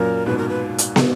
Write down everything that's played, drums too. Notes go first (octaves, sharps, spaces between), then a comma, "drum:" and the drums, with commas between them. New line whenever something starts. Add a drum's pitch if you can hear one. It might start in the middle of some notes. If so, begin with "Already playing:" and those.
Already playing: F#2 A#2 A#4
G#2 B2 B4
A#4
B4
drum: hi-hat
drum: snare